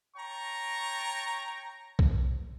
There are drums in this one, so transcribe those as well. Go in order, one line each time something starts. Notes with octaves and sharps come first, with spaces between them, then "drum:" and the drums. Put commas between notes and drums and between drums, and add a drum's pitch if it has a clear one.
C#5 G5 A5 A#5 C#6
drum: kick B1